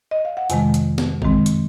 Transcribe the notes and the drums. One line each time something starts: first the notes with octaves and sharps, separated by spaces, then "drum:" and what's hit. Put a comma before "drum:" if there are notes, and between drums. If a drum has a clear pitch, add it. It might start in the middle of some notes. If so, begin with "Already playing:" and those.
D#5
F5
F#5
F2 C3 D#3 G#3 G#5, drum: hi-hat
drum: hi-hat
drum: snare
F#2 D#3 G#3 C4, drum: kick G#1
drum: hi-hat